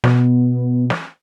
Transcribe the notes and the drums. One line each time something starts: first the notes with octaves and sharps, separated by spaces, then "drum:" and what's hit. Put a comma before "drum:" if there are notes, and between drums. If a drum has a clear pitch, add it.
B2 B3, drum: snare
drum: snare